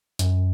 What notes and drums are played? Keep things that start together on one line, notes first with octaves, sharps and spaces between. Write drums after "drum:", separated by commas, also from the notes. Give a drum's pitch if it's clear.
F#2, drum: hi-hat